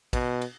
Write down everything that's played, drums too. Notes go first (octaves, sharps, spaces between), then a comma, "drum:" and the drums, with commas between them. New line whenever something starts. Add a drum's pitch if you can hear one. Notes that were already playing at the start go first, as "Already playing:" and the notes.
B2, drum: kick, cymbal
drum: cymbal